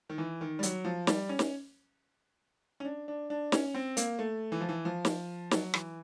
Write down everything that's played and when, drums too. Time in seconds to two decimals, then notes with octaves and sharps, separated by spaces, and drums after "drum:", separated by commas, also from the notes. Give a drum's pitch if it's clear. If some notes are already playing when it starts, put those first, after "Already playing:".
0.10 D#3
0.18 E3
0.41 D#3
0.59 G3
0.63 F#3, drum: hi-hat
0.85 F3
1.07 G3, drum: snare
1.29 C#4
1.39 drum: snare
2.80 C#4
2.85 D4
3.08 D4
3.30 D4
3.52 C#4, drum: snare
3.75 C4
3.97 A#3, drum: hi-hat
4.19 A3
4.52 E3
4.61 F3
4.69 E3
4.85 F3
5.05 drum: snare
5.51 F#3, drum: snare
5.74 E3, drum: rim click